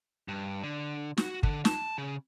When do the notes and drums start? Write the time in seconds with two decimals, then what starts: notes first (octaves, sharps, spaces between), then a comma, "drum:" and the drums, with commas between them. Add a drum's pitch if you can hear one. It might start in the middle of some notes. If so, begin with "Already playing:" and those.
0.28 G2
0.63 D3
1.17 F#4, drum: snare
1.43 D3, drum: kick
1.65 A5, drum: snare
1.98 C#3